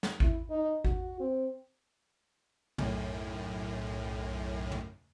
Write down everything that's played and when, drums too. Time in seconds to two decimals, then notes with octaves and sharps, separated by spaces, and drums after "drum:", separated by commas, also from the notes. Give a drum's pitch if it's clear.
0.03 drum: snare
0.20 E4, drum: kick G#1
0.50 D#4
0.85 F#4, drum: kick G#1
1.20 C4
2.78 B1 F#2 A2, drum: tom
4.72 drum: tom